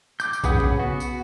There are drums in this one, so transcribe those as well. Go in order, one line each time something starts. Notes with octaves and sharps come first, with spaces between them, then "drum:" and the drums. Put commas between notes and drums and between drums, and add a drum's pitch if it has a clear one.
D6 G6, drum: tambourine
drum: tambourine
C#3 G#4 B4 F#5 D#6, drum: kick A#1, tambourine
drum: tom
B3 F#4
drum: tambourine